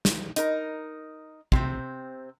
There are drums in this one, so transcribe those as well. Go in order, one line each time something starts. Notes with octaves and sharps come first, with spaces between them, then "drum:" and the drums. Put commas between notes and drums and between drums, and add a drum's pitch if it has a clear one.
drum: snare
D#4 A#4, drum: hi-hat
C3 C4, drum: kick